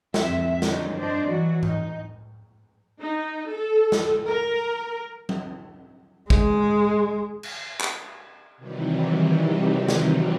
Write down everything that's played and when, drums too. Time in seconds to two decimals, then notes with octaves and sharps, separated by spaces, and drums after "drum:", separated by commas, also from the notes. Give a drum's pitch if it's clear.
0.14 F2 E5, drum: snare
0.62 D3 D#3 F#3 G3 C#4 D#4, drum: snare
0.96 G2 D4 C5 D5 D#5
1.27 E3 F#3 F#4
1.63 D#4, drum: tom G#2
3.00 D#4
3.48 A4
3.92 drum: snare
4.27 A#4
5.29 drum: tom F#3
6.30 G#3, drum: kick
7.43 drum: cymbal
7.81 drum: clap
8.57 C3 D#3 E3 F#3 G3
9.89 drum: snare